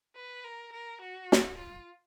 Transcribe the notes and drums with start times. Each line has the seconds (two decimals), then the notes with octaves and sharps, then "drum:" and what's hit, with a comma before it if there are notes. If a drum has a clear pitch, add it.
0.15 B4
0.44 A#4
0.72 A#4
1.01 F#4
1.32 drum: snare
1.57 F4